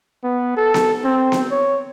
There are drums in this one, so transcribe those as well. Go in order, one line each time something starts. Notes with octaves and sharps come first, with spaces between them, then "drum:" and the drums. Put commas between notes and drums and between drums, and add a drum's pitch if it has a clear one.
B3
A4
drum: snare B3
C4
drum: snare B3
C#5